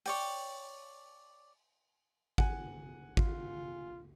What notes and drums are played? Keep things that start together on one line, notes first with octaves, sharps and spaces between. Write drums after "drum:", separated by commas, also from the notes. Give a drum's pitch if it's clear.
C#5 D5 G5, drum: open hi-hat
F#5 G#5, drum: kick
F4, drum: kick